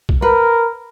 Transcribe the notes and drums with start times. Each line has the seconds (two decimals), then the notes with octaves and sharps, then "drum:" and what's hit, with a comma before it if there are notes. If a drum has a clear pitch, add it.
0.09 drum: kick
0.22 A#4 B4